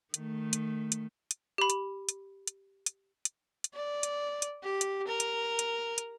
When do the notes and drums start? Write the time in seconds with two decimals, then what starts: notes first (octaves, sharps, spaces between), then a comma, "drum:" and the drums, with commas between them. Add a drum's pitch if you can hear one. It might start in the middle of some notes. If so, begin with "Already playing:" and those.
0.14 D#3 A3, drum: hi-hat
0.53 drum: hi-hat
0.92 drum: hi-hat
1.31 drum: hi-hat
1.58 G4 B5
1.70 drum: hi-hat
2.09 drum: hi-hat
2.47 drum: hi-hat
2.86 drum: hi-hat
3.25 drum: hi-hat
3.64 drum: hi-hat
3.74 D5
4.03 drum: hi-hat
4.42 drum: hi-hat
4.64 G4
4.81 drum: hi-hat
5.08 A#4
5.20 drum: hi-hat
5.59 drum: hi-hat
5.98 drum: hi-hat